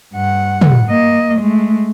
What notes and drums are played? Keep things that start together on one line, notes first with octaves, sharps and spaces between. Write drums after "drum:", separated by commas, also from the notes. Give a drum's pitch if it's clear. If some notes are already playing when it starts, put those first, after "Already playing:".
G2 F#5
drum: tom
A#3 D#5
G#3 A3